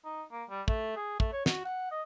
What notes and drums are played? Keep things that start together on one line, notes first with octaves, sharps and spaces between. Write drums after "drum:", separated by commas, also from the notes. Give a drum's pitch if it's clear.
D#4
A#3
G3
A3, drum: kick
G#4
A3, drum: kick
C#5
F#4, drum: snare
F#5
D#5